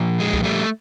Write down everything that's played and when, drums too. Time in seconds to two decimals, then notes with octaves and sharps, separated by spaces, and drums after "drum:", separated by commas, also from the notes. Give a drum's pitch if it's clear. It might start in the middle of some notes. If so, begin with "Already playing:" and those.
Already playing: A#2 F3
0.20 G#3
0.34 drum: kick C2
0.43 G3 A3